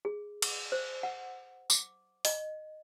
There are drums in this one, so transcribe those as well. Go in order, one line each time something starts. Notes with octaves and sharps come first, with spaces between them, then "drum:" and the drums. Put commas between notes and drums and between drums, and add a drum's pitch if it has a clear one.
G#4
D6, drum: cymbal
C5
F#5
D6, drum: tambourine
D#5, drum: open hi-hat